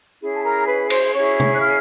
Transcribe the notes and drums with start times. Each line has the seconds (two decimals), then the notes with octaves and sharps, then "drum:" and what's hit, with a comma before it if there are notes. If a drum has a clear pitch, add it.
0.21 C#4 E4 G#4
0.36 A5
0.44 A#4 A#5
0.67 B4 B5
0.90 C5 C6, drum: cymbal
1.13 C#4 E4 G#4 C#5 C#6
1.40 drum: tom
1.54 F#6
1.60 F5 F6